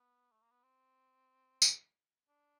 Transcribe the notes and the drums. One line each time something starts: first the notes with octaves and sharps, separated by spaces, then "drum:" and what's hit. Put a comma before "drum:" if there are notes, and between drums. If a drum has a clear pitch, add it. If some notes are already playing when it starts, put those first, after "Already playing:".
Already playing: B3
A3
A#3
B3
C4
drum: tambourine
D4